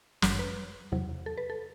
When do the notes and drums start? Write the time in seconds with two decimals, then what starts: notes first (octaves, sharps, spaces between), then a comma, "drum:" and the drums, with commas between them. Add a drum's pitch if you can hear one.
0.22 G1 F#2 F#3, drum: snare
0.39 B4
0.92 E2 C3 F#3
1.26 A4
1.38 B4
1.50 A4